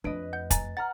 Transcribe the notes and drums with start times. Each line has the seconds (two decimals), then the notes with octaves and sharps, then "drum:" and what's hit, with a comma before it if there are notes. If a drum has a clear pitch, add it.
0.04 F2 A3 D4 B4 D#5 D7
0.33 F#5 G6
0.51 G#5 A#5 A6, drum: kick, hi-hat
0.77 F#5 A#5 F6 A6